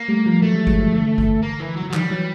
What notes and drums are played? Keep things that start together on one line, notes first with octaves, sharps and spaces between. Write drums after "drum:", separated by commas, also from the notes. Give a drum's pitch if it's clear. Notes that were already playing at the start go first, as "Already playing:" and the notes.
Already playing: A#3
G3 A3
F3 G3
E3 F#3 A3
F3 G3
F#3 G#3, drum: kick G1
F3 G3
D3 E3
drum: kick G1
A#3
E3
F#3
E3
F#3
D#3 F3 G3, drum: clap
E3 F#3